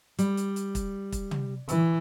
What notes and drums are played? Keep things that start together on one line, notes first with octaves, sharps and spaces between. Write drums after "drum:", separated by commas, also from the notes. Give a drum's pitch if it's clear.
G3, drum: hi-hat
drum: hi-hat
drum: hi-hat
drum: kick, hi-hat
drum: kick, hi-hat
drum: tom
E3, drum: hi-hat